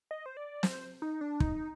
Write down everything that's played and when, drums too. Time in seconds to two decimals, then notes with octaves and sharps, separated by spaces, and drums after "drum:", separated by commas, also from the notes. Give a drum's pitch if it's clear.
0.11 D#5
0.26 C5
0.37 D5
0.63 C5, drum: snare
1.02 D#4
1.21 D4
1.40 D#4, drum: kick